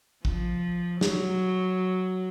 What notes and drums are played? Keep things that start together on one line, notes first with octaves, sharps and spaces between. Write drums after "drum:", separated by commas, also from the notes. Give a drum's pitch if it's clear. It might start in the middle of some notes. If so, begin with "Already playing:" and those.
F3, drum: kick
F#3, drum: snare